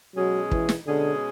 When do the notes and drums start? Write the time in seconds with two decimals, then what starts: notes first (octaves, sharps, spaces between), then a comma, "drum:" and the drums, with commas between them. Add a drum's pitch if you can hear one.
0.15 B2 F#3 G#3 C#4 G#4
0.51 E3, drum: kick
0.69 drum: snare
0.86 B2 D3 G#3 C#4 G#4